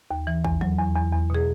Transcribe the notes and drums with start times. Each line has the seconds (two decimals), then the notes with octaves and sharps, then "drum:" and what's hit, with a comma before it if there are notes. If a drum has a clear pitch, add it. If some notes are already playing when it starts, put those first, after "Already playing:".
0.11 D#2
0.27 E3
0.45 E2, drum: kick A1
0.61 F#3, drum: tom D#3
0.78 E2
0.95 E2
1.13 E2
1.30 B2 G#4